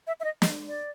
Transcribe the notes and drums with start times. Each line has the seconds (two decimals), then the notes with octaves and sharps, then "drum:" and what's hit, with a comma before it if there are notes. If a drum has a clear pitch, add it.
0.07 E5
0.20 E5
0.24 D#5
0.42 D#5, drum: snare
0.67 D5